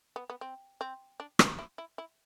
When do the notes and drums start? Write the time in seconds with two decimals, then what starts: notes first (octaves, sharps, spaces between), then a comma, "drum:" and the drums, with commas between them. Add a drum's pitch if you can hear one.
0.16 B3
0.30 B3
0.41 C4
0.81 C4
1.20 D4
1.39 E4, drum: rim click
1.59 E4
1.78 E4
1.98 E4